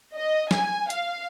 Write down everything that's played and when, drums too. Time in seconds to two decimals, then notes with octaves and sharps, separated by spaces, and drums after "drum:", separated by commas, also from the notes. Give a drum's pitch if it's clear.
0.16 D#5
0.51 G#5, drum: snare
0.90 F5, drum: hi-hat